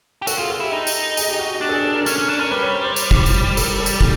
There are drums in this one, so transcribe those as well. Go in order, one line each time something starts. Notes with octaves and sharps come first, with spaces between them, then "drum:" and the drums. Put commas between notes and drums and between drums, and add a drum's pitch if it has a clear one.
G4
F#4 A4, drum: tambourine
F4 G#4
A4
E4 G4
D#4
drum: tambourine
G#4, drum: tambourine
G4
F#4
D4 G4
A4
G#4
A4
A#4
C#4, drum: tambourine
C#4
D4
C#4 A#4
G3 B4
C#5
C5
C5
C5, drum: tambourine
drum: kick
drum: tambourine
C5
A4, drum: tambourine
A#4
A4
A#4, drum: tambourine
drum: kick